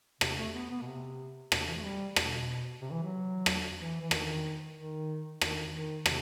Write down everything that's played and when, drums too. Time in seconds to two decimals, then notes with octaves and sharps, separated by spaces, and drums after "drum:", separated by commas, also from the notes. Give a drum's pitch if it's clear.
0.21 C3, drum: rim click
0.37 A3
0.55 B3
0.70 B3
0.81 B2
0.86 C3
1.52 B2, drum: rim click
1.59 C3
1.68 E3
1.76 A3
1.84 G3
2.16 B2, drum: rim click
2.81 C3
2.91 E3
3.03 F#3
3.46 drum: rim click
3.79 E3
4.01 E3
4.11 D#3, drum: rim click
4.76 D#3
5.41 D#3, drum: rim click
5.74 D#3
6.06 C3, drum: rim click